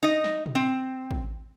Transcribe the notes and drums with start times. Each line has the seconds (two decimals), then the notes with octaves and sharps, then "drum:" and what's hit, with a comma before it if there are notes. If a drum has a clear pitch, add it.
0.03 D#4 D#5
0.24 drum: snare
0.46 drum: tom
0.55 C4
1.11 drum: kick